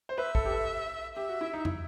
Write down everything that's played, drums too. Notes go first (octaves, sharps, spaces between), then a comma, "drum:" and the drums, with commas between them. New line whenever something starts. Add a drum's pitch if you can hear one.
C5
B4 E5
A4, drum: kick G#1
G4
A4
G4 E5
F#4
E4
D#4
E4, drum: tom